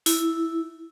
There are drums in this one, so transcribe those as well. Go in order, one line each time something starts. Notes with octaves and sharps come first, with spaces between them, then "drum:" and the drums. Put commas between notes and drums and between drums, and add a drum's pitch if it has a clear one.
E4, drum: open hi-hat